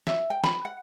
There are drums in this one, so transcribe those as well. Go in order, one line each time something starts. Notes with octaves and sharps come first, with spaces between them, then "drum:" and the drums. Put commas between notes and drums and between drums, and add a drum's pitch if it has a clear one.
E5, drum: snare
G5
B5, drum: snare
F#5